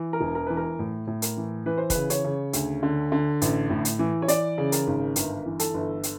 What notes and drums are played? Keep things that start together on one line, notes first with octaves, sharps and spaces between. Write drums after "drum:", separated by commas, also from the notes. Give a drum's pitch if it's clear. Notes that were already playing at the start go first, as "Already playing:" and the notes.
Already playing: E3
A#4
E1
A#4
E3 B4
A#4
A2
A2
A#4, drum: hi-hat
E3
E3 B4
C5
B4, drum: kick, hi-hat
C#3
C#5, drum: hi-hat
C#3
D2, drum: hi-hat
D3
D3
A1, drum: hi-hat
A2
drum: hi-hat
E3
C#5
E3 D5, drum: hi-hat
C#3
A#4, drum: hi-hat
G#1
G1 A#4, drum: hi-hat
E3
A4, drum: hi-hat
G1
drum: hi-hat